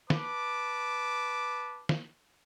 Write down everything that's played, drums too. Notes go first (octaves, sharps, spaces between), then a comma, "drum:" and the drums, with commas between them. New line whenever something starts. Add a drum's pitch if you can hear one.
B4 A5 D6, drum: snare
drum: snare